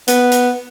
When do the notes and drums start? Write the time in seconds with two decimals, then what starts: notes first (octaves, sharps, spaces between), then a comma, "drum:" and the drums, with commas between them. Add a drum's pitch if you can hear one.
0.08 B3, drum: hi-hat
0.32 drum: hi-hat